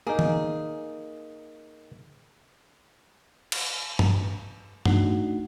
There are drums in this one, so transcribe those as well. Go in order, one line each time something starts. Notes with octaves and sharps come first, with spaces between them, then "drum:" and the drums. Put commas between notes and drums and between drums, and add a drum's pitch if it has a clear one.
A#3 D#4 G#4
drum: tom D#3
drum: cymbal
drum: tom G2
A3 D4 D#4 F#4 F#5, drum: tom G2